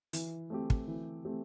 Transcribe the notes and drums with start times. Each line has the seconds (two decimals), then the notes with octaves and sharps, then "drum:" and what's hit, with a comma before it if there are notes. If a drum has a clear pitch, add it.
0.13 E3, drum: hi-hat
0.50 A3 C4 G4
0.70 drum: kick
0.87 E3
1.25 A3 C4 G4